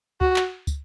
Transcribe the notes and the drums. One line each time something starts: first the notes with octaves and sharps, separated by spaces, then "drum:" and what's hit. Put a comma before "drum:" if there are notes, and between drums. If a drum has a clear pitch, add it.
F#4, drum: kick
drum: clap
drum: kick, tambourine